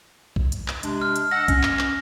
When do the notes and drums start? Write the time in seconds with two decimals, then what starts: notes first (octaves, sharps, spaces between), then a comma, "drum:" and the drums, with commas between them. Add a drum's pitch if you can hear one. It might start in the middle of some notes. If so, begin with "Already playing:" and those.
0.36 drum: kick
0.52 drum: hi-hat
0.68 drum: clap
0.83 C3 G#3 D4, drum: hi-hat
1.02 F6
1.16 drum: hi-hat
1.31 D#5 F#5 E6 A#6
1.48 C#4, drum: kick, hi-hat
1.63 drum: clap
1.79 drum: clap